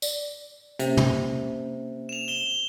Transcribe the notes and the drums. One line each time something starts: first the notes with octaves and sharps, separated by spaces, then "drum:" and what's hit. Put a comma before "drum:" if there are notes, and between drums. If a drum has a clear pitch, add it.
D5, drum: tambourine
C3 A#3 C#4, drum: hi-hat
drum: tom
E7 F7
E7 G7